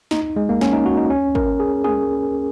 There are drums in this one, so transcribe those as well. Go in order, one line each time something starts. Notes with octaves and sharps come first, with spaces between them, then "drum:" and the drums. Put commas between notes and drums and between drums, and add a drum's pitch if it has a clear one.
D#4, drum: snare A#3
G#3
A#3
C#4, drum: snare A#3
D#4
F#4
D#4
C#4
A#4, drum: kick G#1
G#4
G#4, drum: tom